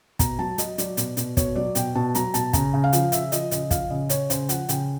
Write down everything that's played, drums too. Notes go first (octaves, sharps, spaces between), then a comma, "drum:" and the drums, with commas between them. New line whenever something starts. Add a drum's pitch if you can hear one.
B2 A#5, drum: kick, hi-hat
F#3 A5
F#3 D#5, drum: hi-hat
F#3 D5, drum: hi-hat
B2, drum: hi-hat
B2, drum: hi-hat
B2 C#5, drum: kick, hi-hat
F#3 D5
B2 G5, drum: hi-hat
B2 A5
F#3 A#5, drum: hi-hat
B2 A5, drum: hi-hat
C#3 A#5, drum: kick, hi-hat
C#3
F5
F3, drum: hi-hat
C#3 E5, drum: hi-hat
F3 D#5, drum: hi-hat
C#3 D#5, drum: hi-hat
F3 F5, drum: kick, hi-hat
C#3 D#5
C#3 C#5, drum: hi-hat
C#3 C5, drum: hi-hat
F3 F#5, drum: hi-hat
C#3 G5, drum: hi-hat